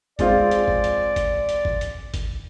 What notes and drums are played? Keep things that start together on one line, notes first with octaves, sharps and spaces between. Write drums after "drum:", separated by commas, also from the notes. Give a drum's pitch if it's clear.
G#3 C4 F4 D5, drum: kick, hi-hat
drum: hi-hat
drum: kick
drum: hi-hat
drum: kick, hi-hat
drum: hi-hat
drum: kick
drum: hi-hat
drum: kick, hi-hat